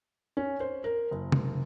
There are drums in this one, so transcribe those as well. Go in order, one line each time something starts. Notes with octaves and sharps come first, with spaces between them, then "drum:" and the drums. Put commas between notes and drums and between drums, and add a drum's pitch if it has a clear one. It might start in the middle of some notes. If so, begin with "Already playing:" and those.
C#4
C5
A#4
F#1
drum: tom C3